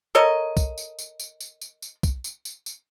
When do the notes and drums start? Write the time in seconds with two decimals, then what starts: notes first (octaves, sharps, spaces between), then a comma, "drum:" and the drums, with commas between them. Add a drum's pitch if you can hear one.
0.15 A4 A#4 C#5 D#5
0.57 drum: kick, tambourine
0.78 drum: tambourine
0.99 drum: tambourine
1.20 drum: tambourine
1.40 drum: tambourine
1.61 drum: tambourine
1.82 drum: tambourine
2.03 drum: kick, tambourine
2.24 drum: tambourine
2.45 drum: tambourine
2.66 drum: tambourine